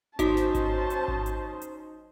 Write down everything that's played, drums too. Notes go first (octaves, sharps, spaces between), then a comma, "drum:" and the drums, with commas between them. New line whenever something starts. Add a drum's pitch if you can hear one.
F#3 C#4 D#4 F#4 C5 D#5 A5, drum: kick G#1, hi-hat
drum: snare
drum: kick G#1, hi-hat
drum: hi-hat
drum: kick G#1
drum: hi-hat
drum: hi-hat